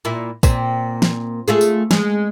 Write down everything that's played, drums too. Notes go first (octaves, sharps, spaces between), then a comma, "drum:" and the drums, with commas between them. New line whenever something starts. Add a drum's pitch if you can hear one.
A#2 E4
A#2 C4, drum: kick, tambourine
drum: snare
A3 F4 G#4
drum: tambourine
G#3, drum: snare